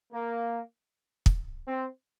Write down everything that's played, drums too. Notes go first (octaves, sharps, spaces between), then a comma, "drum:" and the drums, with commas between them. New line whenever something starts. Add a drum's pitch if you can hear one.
A#3
drum: kick
C4